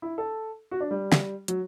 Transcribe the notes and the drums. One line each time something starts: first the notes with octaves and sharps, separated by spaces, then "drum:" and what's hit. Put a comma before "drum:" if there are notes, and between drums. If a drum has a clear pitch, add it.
E4
A4
F#4
D4
G3
drum: snare
F#3, drum: hi-hat